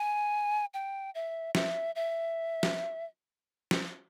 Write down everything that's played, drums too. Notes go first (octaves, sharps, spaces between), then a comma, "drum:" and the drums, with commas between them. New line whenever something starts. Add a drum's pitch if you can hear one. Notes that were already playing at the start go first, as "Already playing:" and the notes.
Already playing: G#5
G5
E5
E5, drum: snare
E5
drum: snare
drum: snare